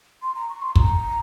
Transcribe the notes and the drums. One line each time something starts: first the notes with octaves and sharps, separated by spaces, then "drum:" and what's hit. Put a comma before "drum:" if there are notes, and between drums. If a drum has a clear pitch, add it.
C6
A#5
C#6
C6
A#5, drum: kick